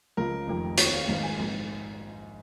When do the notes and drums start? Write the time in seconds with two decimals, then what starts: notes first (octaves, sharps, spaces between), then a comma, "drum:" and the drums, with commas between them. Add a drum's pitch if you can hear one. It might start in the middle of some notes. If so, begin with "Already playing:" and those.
0.17 C#2 C#3 F3 A#4
0.47 F1 F2 D#3
0.78 D#2 D#3 C#5, drum: hi-hat
0.93 F5
1.08 G#1 G#2 D#3 F5
1.23 G#5
1.38 A#1 G#2 D#3